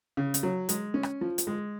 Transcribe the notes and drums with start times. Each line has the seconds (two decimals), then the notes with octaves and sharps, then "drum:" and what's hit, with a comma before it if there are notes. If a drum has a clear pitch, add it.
0.17 C#3
0.34 drum: hi-hat
0.43 F#3
0.69 G#3, drum: hi-hat
0.94 C#4
1.03 drum: rim click
1.21 F3
1.38 drum: hi-hat
1.47 G#3